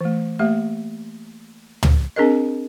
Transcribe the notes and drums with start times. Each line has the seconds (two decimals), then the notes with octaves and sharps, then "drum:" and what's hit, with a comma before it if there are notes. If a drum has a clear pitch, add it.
0.01 E3 A3
0.39 A3 A#3 G4 E5
1.83 drum: tom
2.16 C4 D4 G#4 A#4 D#5